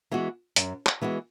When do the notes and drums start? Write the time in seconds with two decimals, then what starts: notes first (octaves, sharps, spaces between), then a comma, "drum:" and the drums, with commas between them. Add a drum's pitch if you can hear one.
0.11 E3 G#3 B3 F#4
0.56 F#2, drum: hi-hat
0.86 drum: clap
1.02 E3 G#3 B3 F#4